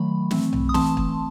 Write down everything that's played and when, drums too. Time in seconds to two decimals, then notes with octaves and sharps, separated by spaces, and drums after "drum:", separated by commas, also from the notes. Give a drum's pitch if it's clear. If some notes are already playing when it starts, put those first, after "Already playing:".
Already playing: D#3 F#3 A3 B5
0.31 E3 A3 C4, drum: snare
0.53 drum: tom B1
0.69 D#6
0.74 E3 A3 C4 A5 C6, drum: snare
0.97 drum: kick